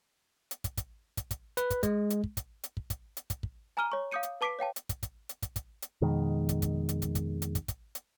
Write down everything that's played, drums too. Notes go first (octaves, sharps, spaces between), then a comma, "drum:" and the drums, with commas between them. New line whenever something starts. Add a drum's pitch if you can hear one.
drum: hi-hat
drum: kick, hi-hat
drum: kick, hi-hat
drum: kick, hi-hat
drum: kick, hi-hat
B4, drum: hi-hat
drum: kick, hi-hat
G#3, drum: kick, hi-hat
drum: hi-hat
drum: kick
drum: kick, hi-hat
drum: hi-hat
drum: kick
drum: kick, hi-hat
drum: hi-hat
drum: kick, hi-hat
drum: kick
G#5 A#5 D6 F6 D#7 G7
C#5 C#6
F5 D6 D#6 G6 C#7 D#7
drum: hi-hat
B4 A5 D6 B6 C7 D7
C#5 F5 G5 A5
drum: hi-hat
drum: kick, hi-hat
drum: kick, hi-hat
drum: hi-hat
drum: kick, hi-hat
drum: kick, hi-hat
drum: hi-hat
F2 B2 D#3 G#3
drum: kick, hi-hat
drum: kick, hi-hat
drum: hi-hat
drum: kick, hi-hat
drum: kick, hi-hat
drum: hi-hat
drum: kick, hi-hat
drum: kick, hi-hat
drum: hi-hat